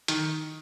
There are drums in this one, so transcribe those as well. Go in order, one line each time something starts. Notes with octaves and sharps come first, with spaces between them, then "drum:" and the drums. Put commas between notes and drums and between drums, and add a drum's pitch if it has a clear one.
D#3, drum: hi-hat